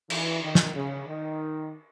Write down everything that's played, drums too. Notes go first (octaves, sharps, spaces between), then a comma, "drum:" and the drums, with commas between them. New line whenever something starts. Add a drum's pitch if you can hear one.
E3, drum: cymbal
D#3
drum: snare
C#3
D#3